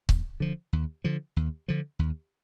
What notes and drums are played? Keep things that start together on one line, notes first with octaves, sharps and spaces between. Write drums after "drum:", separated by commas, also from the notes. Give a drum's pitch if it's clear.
D#2, drum: kick C#1
D3 F3
D#2
D3 F3
D#2
D3 F3
D#2